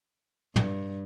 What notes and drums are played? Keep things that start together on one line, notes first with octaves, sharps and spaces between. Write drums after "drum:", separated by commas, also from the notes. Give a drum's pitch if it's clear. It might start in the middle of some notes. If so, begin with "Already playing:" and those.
G2, drum: tom